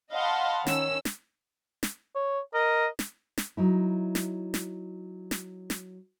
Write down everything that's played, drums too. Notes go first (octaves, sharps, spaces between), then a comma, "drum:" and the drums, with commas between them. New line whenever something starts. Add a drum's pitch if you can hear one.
D#5 F5 F#5 A5 B5 C6
D#3 C#4 E6, drum: snare
drum: snare
drum: snare
C#5
A#4 D#5
drum: snare
drum: snare
F#3 D#4 E4
drum: snare
drum: snare
drum: snare
drum: snare